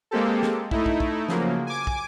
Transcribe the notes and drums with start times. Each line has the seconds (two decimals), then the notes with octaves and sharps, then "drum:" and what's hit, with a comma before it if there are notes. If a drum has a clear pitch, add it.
0.11 G#3 A#3 C4 G4 A4
0.42 drum: snare
0.71 A3 D#4 E4, drum: kick
0.86 drum: kick
1.00 drum: kick
1.29 C#3 F3 F#3 A#3, drum: snare
1.67 G#5 D6
1.87 drum: kick